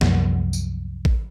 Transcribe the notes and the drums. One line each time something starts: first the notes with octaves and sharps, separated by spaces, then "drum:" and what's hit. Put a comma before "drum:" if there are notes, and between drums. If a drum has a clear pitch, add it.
C2 F#2 F3 A#3, drum: snare
drum: tambourine
drum: kick